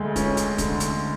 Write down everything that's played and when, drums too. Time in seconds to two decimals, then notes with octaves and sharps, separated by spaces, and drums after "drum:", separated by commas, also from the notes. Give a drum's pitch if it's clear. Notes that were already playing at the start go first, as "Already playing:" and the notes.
Already playing: D2 G#3
0.16 C#4, drum: kick, hi-hat
0.37 drum: hi-hat
0.58 D3, drum: kick, hi-hat
0.80 drum: hi-hat